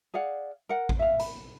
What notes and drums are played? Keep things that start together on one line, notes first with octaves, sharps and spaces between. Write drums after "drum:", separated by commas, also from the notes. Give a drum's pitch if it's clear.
G#4 D5 F5 F#5
A#4 F#5
drum: kick A1
E5 F5
B5, drum: hi-hat